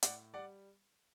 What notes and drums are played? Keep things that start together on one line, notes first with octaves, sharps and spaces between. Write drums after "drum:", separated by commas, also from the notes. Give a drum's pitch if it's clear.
A2 D5 F#5, drum: hi-hat
G3 D5 F#5